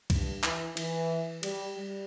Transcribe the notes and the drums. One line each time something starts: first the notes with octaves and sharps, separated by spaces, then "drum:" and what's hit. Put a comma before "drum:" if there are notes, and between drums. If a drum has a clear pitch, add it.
G2, drum: kick C2, cymbal
E3, drum: clap
E3, drum: cymbal
G3, drum: cymbal
G3